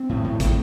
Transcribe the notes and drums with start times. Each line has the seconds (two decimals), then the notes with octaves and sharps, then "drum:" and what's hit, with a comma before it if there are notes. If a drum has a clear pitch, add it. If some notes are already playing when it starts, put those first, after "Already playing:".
Already playing: C4
0.09 A2
0.24 A2
0.40 A2, drum: kick, hi-hat